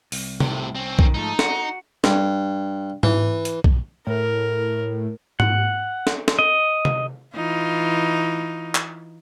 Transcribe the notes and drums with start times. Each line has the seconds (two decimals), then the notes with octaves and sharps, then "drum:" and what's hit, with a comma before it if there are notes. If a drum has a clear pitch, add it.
0.12 C2, drum: open hi-hat
0.40 A2 C3, drum: tom C3
0.75 C4 C#4
0.99 D#3, drum: kick B1
1.14 G#2 F3 A3 D#4
1.39 F#4, drum: snare
2.04 G2, drum: snare
3.03 E3, drum: tom G#2
3.45 drum: hi-hat
3.64 drum: kick B1
4.07 A2 A#4
5.40 F#5, drum: tom G#2
6.07 drum: snare
6.28 drum: snare
6.39 D#5
6.85 drum: tom C3
7.35 E3 D#4 F4
8.75 drum: clap